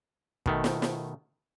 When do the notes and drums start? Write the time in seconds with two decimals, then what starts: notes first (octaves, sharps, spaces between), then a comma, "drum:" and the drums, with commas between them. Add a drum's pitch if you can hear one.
0.46 B2 D#3 A3, drum: kick
0.64 drum: snare
0.82 drum: snare